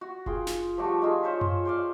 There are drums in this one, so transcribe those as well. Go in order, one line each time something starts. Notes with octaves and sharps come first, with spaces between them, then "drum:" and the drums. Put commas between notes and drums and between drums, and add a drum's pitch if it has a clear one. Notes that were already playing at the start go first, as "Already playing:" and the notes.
F#4
F4 G#4 G5, drum: kick F1
drum: snare
F3 G3 A3 F#4
D#4 F4 G#4
F4 C5 C#5 E5
drum: tom F#2
C5 D5 F5